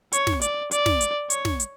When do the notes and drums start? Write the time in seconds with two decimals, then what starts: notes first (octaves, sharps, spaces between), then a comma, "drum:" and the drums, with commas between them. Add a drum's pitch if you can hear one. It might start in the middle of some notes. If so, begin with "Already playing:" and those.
0.12 C#5, drum: hi-hat
0.27 drum: snare
0.41 D5, drum: hi-hat
0.71 D5, drum: hi-hat
0.86 drum: snare
1.01 drum: hi-hat
1.30 C#5, drum: hi-hat
1.45 drum: snare
1.60 drum: hi-hat